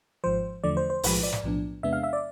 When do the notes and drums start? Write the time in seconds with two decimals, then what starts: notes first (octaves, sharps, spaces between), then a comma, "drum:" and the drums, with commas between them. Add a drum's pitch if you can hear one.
0.24 G#1 G#2 F3 C5
0.64 E2 D3 F3 A3 D5
0.77 C5
0.90 C5
1.03 B1 A2 F3 G#3 B4, drum: open hi-hat
1.23 D5
1.32 drum: snare
1.43 B1 A2 F3 B3 D4
1.83 E2 C3 G#3 B3 D4 E5
1.93 F5
2.03 E5
2.13 D5